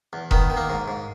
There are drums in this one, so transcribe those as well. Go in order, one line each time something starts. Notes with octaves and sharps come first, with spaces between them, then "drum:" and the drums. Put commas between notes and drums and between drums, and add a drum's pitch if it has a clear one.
E2
D#3 B3, drum: kick E1
D#3
A#3
G#2
G#2